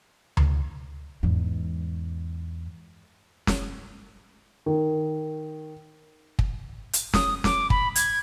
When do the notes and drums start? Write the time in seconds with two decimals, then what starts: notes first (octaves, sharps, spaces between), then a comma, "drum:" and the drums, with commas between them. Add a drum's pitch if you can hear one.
0.37 drum: tom D2
1.23 E2 G#2
3.47 drum: snare
4.66 D#3
6.39 drum: kick
6.93 drum: hi-hat
7.14 D#6, drum: snare
7.44 D6, drum: snare
7.70 B5, drum: kick
7.96 G#6, drum: hi-hat